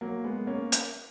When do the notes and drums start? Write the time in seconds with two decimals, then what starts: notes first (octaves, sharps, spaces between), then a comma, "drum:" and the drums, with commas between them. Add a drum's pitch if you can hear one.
0.01 F#3 A#3
0.24 G#3 B3
0.47 A#3 C#4
0.72 drum: hi-hat